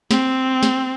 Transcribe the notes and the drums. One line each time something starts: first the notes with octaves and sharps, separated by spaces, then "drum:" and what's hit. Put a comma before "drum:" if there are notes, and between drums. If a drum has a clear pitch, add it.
C4, drum: snare
drum: snare